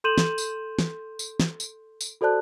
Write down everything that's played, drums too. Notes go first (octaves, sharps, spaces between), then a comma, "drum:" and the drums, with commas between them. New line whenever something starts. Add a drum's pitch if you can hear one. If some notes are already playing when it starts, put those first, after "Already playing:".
A4 C6 G6 D#7 E7 F#7
drum: snare
drum: tambourine
drum: snare
drum: tambourine
drum: snare
drum: tambourine
drum: tambourine
F#4 A4 C5 D5 A5 F#6